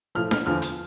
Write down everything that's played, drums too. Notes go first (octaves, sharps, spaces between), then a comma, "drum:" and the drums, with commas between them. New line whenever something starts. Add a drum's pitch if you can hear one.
A2 F3 F6
F6, drum: snare D4
E2 D3 F3 F6
drum: hi-hat